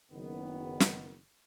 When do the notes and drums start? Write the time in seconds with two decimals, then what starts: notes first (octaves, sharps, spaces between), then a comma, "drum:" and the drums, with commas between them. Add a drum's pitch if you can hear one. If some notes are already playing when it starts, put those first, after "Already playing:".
0.11 F#1 D#3 B3
0.80 drum: snare